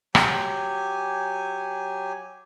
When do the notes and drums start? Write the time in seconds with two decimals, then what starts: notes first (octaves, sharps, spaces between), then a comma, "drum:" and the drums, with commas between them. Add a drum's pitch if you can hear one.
0.15 F#3 G4 G#5, drum: rim click